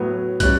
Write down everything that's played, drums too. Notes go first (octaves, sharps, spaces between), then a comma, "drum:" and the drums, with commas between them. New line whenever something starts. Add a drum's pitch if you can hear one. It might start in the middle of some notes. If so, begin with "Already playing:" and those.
Already playing: A2 F#3 B3
A2 G3 C#4 F#6, drum: kick, hi-hat